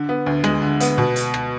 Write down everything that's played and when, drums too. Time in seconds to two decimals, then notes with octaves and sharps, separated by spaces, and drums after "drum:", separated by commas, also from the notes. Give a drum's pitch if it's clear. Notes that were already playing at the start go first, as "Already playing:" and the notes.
Already playing: D3
0.09 B3
0.26 D2
0.44 G#3, drum: rim click
0.62 D3
0.80 B3, drum: hi-hat
0.98 B2
1.16 drum: hi-hat
1.34 drum: rim click